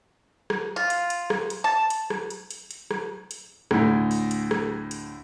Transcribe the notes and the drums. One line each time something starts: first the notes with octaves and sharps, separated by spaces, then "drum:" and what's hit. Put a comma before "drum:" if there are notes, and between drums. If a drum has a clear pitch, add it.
drum: rim click
F4
drum: hi-hat
drum: hi-hat
drum: rim click
drum: hi-hat
A5
drum: hi-hat
drum: rim click
drum: hi-hat
drum: hi-hat
drum: hi-hat
drum: rim click
drum: hi-hat
D2 A2, drum: rim click
drum: open hi-hat
drum: hi-hat
drum: rim click
drum: hi-hat